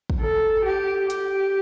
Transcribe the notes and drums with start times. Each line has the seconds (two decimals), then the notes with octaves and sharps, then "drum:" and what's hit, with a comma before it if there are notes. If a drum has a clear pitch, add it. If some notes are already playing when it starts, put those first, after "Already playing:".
0.10 drum: kick
0.20 A4
0.65 G4
1.10 G4, drum: hi-hat